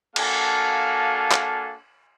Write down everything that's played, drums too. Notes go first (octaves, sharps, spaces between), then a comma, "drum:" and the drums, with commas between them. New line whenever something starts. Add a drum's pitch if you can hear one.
A#3 D4 F#4 A4 F5 G#5, drum: cymbal
drum: clap